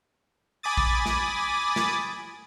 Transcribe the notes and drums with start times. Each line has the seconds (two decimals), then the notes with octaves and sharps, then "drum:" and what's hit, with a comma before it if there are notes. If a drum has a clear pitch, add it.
0.63 G#5 B5 D6 D#6 A6
0.77 drum: kick A#1
1.06 drum: snare
1.76 drum: snare